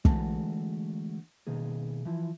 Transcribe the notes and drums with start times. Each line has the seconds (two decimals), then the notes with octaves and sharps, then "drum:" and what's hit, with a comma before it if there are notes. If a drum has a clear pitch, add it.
0.05 D3 E3 G#3 A3 F#4 A5, drum: kick
1.47 B2 D#3 A#3 G#4
2.05 E3 F3 E4